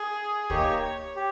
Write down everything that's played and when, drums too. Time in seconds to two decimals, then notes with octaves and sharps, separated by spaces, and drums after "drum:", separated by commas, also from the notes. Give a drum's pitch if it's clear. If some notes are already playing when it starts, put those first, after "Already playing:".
Already playing: G#4
0.50 A#3 D#4 G4 C#5, drum: kick
1.16 G4